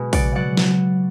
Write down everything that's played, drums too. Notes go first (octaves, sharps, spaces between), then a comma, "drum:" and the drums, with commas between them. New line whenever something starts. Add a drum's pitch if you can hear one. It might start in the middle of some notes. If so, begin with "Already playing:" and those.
Already playing: B2 G#3 B4
C#3 D5 F#5, drum: kick, open hi-hat
F#3 D5 F#5
drum: snare